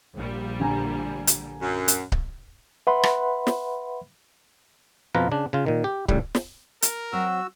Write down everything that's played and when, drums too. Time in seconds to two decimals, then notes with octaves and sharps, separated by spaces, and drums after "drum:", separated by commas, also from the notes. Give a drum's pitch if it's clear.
0.15 A#1 A#2 G3
0.60 D3 G#5 A#5
1.27 drum: hi-hat
1.61 F#2
1.88 drum: hi-hat
2.12 drum: kick C#1
2.87 B4 E5 F#5 B5 C6
3.03 drum: rim click
3.47 drum: snare
5.15 F2 B2 F3 F4 B4 A#5
5.31 C#3 D4
5.53 C#3 F4
5.66 A#2 D#3
5.84 G4
6.08 C#2 A2 G3, drum: kick C#1
6.35 drum: snare
6.82 A#4, drum: hi-hat
7.13 F#3 C4 F#4 F#5 E6